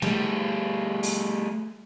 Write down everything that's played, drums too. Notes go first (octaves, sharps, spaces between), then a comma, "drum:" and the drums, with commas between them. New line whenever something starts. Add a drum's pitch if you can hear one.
G3 A3, drum: snare
drum: open hi-hat